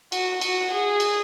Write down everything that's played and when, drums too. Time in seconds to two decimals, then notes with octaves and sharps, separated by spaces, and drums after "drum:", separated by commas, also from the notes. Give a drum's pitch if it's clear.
0.12 F#4, drum: cymbal
0.41 F#4, drum: cymbal
0.71 G#4
1.00 drum: cymbal